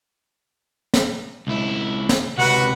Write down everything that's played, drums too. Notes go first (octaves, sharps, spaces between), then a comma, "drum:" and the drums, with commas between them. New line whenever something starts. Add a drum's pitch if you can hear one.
drum: snare
C#2 E4
drum: snare
C#2 C3 F#4 B4 F#5